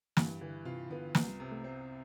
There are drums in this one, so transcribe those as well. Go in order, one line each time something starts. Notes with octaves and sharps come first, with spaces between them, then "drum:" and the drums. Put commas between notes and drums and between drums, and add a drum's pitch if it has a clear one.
G2 E3, drum: snare
D3 E3
C3 F4
D3 B3
C2 F3, drum: snare
G3
C3
A3
C4